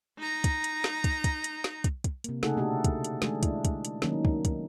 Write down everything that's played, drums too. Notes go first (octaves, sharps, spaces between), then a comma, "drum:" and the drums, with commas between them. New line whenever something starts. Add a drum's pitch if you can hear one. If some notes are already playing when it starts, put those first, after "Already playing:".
D#4 A#5
drum: kick, hi-hat
drum: hi-hat
drum: snare
drum: kick, hi-hat
drum: kick, hi-hat
drum: hi-hat
drum: snare
drum: kick, hi-hat
drum: kick, hi-hat
C3 A#3, drum: hi-hat
C#3 A3 D#4 G#4 A4 F#5, drum: snare
B2 A3 D4 F#4 G4 A4
drum: kick, hi-hat
drum: hi-hat
D#3 G#3 A3 D4 G#4, drum: snare
D4 E4, drum: kick, hi-hat
drum: kick, hi-hat
drum: hi-hat
D#3 F#3 A#3 C#4 D#4, drum: snare
drum: kick
drum: kick, hi-hat